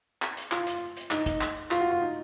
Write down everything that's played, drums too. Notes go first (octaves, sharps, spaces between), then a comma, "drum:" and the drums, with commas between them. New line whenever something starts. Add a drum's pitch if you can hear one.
drum: clap
drum: hi-hat
F4, drum: clap
drum: hi-hat
drum: hi-hat
D#4, drum: clap
drum: kick, hi-hat
drum: clap
F4, drum: clap
F#4
F4
D#4